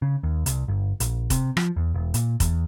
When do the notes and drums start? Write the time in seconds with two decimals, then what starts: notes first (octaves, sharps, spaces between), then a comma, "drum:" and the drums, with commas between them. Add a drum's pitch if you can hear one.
0.02 C#3
0.23 D#2
0.46 C2, drum: hi-hat
0.68 G1
1.00 A#1, drum: hi-hat
1.30 C3, drum: kick F1, hi-hat
1.57 F3, drum: rim click
1.76 E2
1.94 E1
2.14 A#2, drum: hi-hat
2.40 E2, drum: kick F1, hi-hat